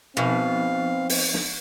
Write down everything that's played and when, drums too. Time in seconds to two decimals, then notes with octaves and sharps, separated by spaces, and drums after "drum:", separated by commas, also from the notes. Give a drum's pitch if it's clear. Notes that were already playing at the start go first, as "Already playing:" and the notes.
0.17 B2 F3 B3 C4 D#4 F5
1.09 drum: open hi-hat
1.34 drum: snare